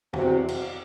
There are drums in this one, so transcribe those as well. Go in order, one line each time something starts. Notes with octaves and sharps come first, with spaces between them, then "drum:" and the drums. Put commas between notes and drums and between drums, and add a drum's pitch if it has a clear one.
E2 C3 F#3 C4 F#4, drum: tom
drum: cymbal